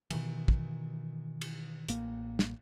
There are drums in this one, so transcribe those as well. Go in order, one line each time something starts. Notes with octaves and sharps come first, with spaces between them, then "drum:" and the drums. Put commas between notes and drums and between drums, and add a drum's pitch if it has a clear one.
B2 D#3 E3, drum: cymbal
drum: kick
drum: cymbal
A1 A#3, drum: hi-hat
drum: snare